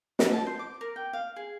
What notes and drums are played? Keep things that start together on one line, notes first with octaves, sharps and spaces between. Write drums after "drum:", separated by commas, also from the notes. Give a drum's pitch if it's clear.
F#5, drum: snare
A5
C5
D6
A#4
G5
F5
G#4